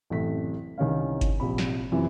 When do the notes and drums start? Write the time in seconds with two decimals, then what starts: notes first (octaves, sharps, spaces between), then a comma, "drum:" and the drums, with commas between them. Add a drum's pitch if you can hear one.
0.10 A1 F#2 C3 A3 B6
0.78 C2 D#3 C#4 F5
1.21 drum: kick G1, hi-hat
1.40 A#1 C3 B5
1.58 drum: snare
1.92 F#2 C3 E3 F3